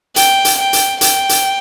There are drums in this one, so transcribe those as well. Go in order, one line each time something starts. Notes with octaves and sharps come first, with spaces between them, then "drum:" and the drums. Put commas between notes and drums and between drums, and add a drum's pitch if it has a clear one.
G5, drum: hi-hat
drum: hi-hat
G5
drum: hi-hat
G5, drum: hi-hat
drum: hi-hat